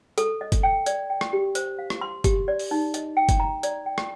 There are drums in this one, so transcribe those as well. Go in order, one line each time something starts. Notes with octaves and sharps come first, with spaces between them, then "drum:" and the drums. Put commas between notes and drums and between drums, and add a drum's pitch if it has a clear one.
A4, drum: hi-hat
D#5
drum: kick F#1, hi-hat
G5
D5, drum: hi-hat
G5
drum: rim click
G4
C5, drum: hi-hat
F5
drum: rim click
C6
G4, drum: kick F#1, hi-hat
D5
drum: open hi-hat
D#4
D#5, drum: hi-hat
G5
drum: kick F#1, hi-hat
A#5
D5, drum: hi-hat
G5
drum: rim click